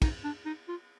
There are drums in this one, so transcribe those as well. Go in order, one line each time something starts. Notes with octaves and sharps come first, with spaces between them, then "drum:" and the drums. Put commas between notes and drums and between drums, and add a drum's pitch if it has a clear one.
D#4, drum: kick, cymbal
D4
D#4
F4